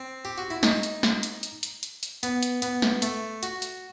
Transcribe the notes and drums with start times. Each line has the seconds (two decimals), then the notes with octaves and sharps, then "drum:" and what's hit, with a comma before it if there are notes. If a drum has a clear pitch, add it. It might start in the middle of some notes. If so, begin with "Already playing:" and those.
Already playing: C4
0.25 G4
0.38 F#4
0.50 E4
0.63 D#4, drum: snare
0.83 drum: hi-hat
1.03 drum: snare
1.23 drum: hi-hat
1.43 drum: hi-hat
1.63 drum: hi-hat
1.83 drum: hi-hat
2.03 drum: hi-hat
2.23 B3, drum: hi-hat
2.43 drum: hi-hat
2.62 B3, drum: hi-hat
2.82 drum: snare
3.02 A3, drum: hi-hat
3.43 F#4, drum: hi-hat
3.62 drum: hi-hat